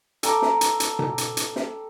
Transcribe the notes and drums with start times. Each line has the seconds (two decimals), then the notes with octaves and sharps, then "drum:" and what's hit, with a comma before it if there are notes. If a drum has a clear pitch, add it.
0.23 A4 G5 A#5 D6, drum: hi-hat
0.42 drum: snare
0.61 drum: hi-hat
0.80 drum: hi-hat
0.99 drum: tom B2
1.18 drum: hi-hat
1.37 drum: hi-hat
1.56 drum: snare